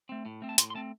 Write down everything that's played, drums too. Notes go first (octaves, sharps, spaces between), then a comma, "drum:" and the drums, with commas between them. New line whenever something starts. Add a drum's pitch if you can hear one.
A3 C4
A2
A3 C4
A5
A2 C6, drum: hi-hat
C6
A3 C4 A5